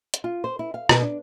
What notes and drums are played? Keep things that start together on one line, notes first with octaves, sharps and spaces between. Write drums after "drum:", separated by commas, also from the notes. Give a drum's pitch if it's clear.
drum: hi-hat
F4
C5
E4
F5
B2, drum: rim click
D4